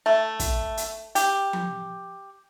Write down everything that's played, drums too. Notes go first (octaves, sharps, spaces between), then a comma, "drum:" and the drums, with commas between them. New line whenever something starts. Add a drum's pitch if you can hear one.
A3
drum: kick, hi-hat
drum: hi-hat
G4, drum: hi-hat
drum: tom F3